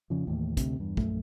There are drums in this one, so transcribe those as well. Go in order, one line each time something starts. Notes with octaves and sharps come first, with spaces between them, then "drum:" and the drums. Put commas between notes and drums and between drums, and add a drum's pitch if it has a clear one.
F2 C#3 F3
D#2 A2 E3
D2 C3, drum: kick, hi-hat
E2 G2
A#1 F#2 A3, drum: kick